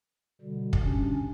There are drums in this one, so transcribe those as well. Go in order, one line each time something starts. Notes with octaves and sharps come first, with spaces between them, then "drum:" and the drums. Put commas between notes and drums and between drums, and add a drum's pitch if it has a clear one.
B2 D3 G3
drum: kick
C3 C#4 D4